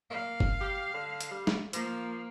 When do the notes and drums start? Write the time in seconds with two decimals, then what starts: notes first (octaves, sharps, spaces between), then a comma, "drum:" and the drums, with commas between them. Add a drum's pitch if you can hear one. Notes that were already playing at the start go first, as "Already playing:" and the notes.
0.10 A#3 F5
0.40 drum: kick
0.61 G4
0.94 D3
1.20 drum: hi-hat
1.31 G3
1.47 drum: snare
1.73 F3 A#3, drum: hi-hat